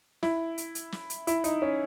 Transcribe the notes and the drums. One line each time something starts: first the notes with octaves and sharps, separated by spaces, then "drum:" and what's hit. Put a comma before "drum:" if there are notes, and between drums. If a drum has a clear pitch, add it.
E4, drum: snare
drum: hi-hat
drum: hi-hat
drum: snare
drum: hi-hat
E4, drum: hi-hat
D#4, drum: hi-hat
C#4